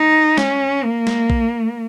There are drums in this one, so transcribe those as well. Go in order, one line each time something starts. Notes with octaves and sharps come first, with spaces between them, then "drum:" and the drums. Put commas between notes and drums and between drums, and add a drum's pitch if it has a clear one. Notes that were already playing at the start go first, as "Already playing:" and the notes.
Already playing: D#4
C#4, drum: snare
A#3
drum: snare
drum: kick A#1